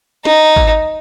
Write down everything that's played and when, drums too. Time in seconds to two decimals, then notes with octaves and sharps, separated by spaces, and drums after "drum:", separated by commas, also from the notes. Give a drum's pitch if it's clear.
0.25 D#4, drum: snare
0.56 drum: kick G#1